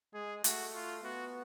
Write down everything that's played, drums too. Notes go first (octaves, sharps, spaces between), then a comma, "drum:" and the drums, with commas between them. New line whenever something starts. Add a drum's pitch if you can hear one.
G#3 G#4
A3 F#4, drum: hi-hat
F4
B3 F#4